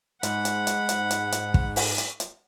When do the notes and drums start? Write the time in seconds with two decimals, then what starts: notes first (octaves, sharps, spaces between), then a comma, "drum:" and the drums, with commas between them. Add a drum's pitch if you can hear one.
0.23 G#2 F#5 B5, drum: hi-hat
0.45 drum: hi-hat
0.67 drum: hi-hat
0.89 drum: hi-hat
1.11 drum: hi-hat
1.32 drum: hi-hat
1.54 drum: kick
1.76 drum: open hi-hat
1.98 drum: hi-hat
2.20 drum: hi-hat